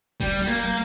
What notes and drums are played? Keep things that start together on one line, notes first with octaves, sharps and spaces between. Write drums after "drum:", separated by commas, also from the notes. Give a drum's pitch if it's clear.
G3, drum: kick E1
G3
A#3